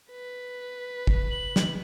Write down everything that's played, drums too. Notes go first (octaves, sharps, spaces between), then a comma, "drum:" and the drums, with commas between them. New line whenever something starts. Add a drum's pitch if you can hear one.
B4
drum: kick
F#7
drum: snare